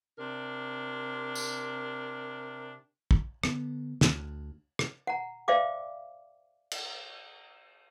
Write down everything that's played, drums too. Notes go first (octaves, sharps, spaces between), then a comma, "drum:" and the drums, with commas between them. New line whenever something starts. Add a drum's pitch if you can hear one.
C3 D4 A#4
drum: tambourine
drum: kick
D3 B3, drum: rim click
D2, drum: snare
drum: rim click
F#5 A#5
C5 D5 E5 F5 G5 D6
drum: cymbal